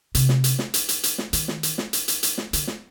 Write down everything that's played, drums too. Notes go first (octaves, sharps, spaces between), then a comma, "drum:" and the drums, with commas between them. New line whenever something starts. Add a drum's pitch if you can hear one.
C3, drum: hi-hat
drum: snare
drum: hi-hat
drum: snare
drum: hi-hat
drum: hi-hat
drum: hi-hat
drum: snare
D#3, drum: hi-hat
drum: snare
drum: hi-hat
drum: snare
drum: hi-hat
drum: hi-hat
drum: hi-hat
drum: snare
D3, drum: hi-hat
drum: snare